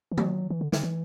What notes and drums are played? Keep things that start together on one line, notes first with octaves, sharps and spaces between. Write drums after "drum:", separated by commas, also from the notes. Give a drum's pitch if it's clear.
E3
F#3, drum: tom D#3
E3
D3
D3, drum: snare
E3